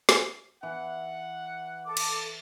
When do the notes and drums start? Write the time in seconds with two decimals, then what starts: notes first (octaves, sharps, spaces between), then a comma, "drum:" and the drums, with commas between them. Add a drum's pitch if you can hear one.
0.09 drum: snare
0.63 E3 F#5
1.85 A4 D6
1.97 drum: cymbal